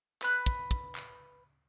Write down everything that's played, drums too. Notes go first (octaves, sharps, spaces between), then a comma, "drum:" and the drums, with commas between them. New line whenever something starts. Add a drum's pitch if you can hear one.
B4 B5 F#6, drum: clap
drum: kick
drum: kick
drum: clap